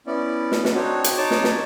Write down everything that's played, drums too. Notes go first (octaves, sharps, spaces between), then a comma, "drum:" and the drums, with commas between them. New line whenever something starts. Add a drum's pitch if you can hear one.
B3 C#4 E4 D5
drum: snare
drum: snare
C4 D4 D#4 F#4 C#5
drum: hi-hat
D#4 C#5 A5 D6
drum: snare
drum: snare